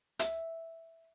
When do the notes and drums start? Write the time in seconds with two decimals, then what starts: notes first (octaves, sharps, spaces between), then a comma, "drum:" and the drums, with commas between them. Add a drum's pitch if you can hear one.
0.19 E5, drum: hi-hat